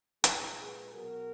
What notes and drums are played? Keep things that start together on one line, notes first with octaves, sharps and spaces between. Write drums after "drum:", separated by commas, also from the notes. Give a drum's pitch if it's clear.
A#2 G#3 G#4 B4, drum: hi-hat
G#4 B4
B2 F#3 F#4 A#4